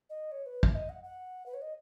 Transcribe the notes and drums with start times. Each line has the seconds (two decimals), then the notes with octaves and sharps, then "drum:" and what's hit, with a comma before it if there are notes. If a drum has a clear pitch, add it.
0.10 D#5
0.32 C#5
0.46 B4
0.63 E5, drum: kick
0.75 D#5
0.89 F#5
1.04 F#5
1.46 B4
1.54 C#5
1.62 D#5